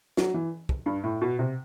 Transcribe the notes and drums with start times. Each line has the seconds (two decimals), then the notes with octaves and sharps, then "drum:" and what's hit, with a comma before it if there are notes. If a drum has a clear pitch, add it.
0.17 F#3, drum: snare
0.34 E3
0.69 drum: kick
0.86 G2
1.04 A2
1.22 B2
1.39 C3